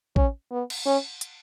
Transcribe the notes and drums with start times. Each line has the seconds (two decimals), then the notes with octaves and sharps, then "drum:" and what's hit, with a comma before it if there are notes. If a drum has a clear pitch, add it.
0.16 C#4, drum: kick
0.51 B3
0.70 drum: cymbal
0.86 C#4
1.21 drum: hi-hat